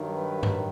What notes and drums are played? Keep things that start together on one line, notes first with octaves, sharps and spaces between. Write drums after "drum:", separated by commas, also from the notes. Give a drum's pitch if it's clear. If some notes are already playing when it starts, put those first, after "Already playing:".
Already playing: G2 D#3 F#3
B4
drum: tom G2